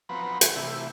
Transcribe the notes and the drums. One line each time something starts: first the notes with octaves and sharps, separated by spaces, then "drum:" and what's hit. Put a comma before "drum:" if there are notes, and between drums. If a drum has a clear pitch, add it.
F3 F#3 B3 C4 B4 A#5
drum: hi-hat
C3 E3 A3 E4 G4